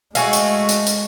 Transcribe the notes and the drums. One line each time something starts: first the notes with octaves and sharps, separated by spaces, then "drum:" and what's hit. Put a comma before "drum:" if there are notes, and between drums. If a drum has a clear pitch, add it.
G#3 A3 F#4 F5 G#5 C#6, drum: hi-hat
drum: hi-hat
drum: hi-hat
drum: hi-hat